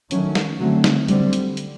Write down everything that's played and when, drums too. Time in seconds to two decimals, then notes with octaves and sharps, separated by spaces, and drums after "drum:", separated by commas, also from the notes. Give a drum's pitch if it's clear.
0.11 D#3 F#3 A3 C#4, drum: hi-hat
0.35 drum: snare
0.60 D3 F#3 A3 C4
0.84 drum: snare
1.08 D3 G3 C4, drum: hi-hat
1.33 drum: hi-hat
1.57 drum: hi-hat